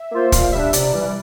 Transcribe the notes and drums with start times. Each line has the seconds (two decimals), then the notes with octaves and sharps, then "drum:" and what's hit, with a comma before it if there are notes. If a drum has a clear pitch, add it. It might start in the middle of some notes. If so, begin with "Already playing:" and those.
Already playing: E5
0.12 A#3 F4 C5
0.32 A#2 F5, drum: kick, hi-hat
0.53 G3 D4 E5
0.73 C3 D5, drum: hi-hat
0.94 E3 G3